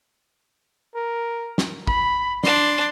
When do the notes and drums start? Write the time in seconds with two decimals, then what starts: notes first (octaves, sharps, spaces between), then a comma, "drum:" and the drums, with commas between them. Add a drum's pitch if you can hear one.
0.95 A#4
1.58 drum: snare
1.87 B5, drum: kick
2.44 D4 D5 C6, drum: snare